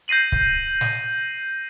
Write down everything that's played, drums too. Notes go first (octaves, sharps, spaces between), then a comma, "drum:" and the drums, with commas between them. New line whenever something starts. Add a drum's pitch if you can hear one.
G6 A#6 C7 D#7 F#7
drum: kick
drum: snare